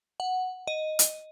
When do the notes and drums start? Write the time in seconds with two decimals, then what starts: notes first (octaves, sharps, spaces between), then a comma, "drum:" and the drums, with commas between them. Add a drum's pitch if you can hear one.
0.20 F#5
0.67 D#5
0.99 drum: hi-hat